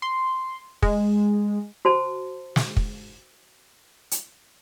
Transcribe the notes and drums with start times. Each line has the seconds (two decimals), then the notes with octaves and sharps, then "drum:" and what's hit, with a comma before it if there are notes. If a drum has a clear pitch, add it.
0.02 C6
0.82 G#3, drum: kick
1.85 F#4 C5 A5
2.56 drum: snare
2.77 drum: kick
4.11 drum: hi-hat